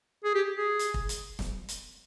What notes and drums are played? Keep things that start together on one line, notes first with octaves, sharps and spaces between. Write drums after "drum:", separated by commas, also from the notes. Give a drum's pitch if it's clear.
G#4
G4
G#4
drum: hi-hat
drum: kick
drum: hi-hat
drum: snare
drum: hi-hat